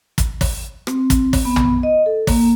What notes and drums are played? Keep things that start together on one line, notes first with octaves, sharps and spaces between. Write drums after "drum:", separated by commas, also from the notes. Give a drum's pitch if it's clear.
drum: kick, hi-hat
drum: kick, open hi-hat
C4, drum: rim click
drum: kick, hi-hat
drum: kick, open hi-hat
B3
drum: tom
D#5
A4
A#3, drum: kick, open hi-hat